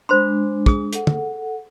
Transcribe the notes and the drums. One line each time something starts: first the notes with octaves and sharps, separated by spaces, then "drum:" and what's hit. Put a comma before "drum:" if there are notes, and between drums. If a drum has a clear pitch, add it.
G#3 D4 C5 B5 C6
G#4 D#6, drum: kick
A4 F#5, drum: hi-hat
drum: tom